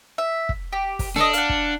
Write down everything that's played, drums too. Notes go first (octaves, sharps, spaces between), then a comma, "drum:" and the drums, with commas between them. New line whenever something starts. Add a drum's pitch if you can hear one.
E5
drum: kick
G4
drum: kick, open hi-hat
D4 A4 C#5 D#5, drum: snare
F5 F#5, drum: hi-hat
drum: kick